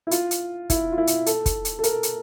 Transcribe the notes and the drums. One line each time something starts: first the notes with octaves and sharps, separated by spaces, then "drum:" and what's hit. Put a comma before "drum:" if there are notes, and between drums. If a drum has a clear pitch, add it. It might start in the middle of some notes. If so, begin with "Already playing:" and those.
E4
F4, drum: hi-hat
drum: hi-hat
E4, drum: kick, hi-hat
F4
E4
drum: hi-hat
A4, drum: hi-hat
drum: kick, hi-hat
drum: hi-hat
A4
A#4, drum: hi-hat
drum: hi-hat